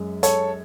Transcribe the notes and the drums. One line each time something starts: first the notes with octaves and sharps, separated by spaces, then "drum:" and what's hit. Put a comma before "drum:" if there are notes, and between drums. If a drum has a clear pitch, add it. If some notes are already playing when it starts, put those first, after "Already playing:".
Already playing: F#2 G#3
A4 C#5, drum: hi-hat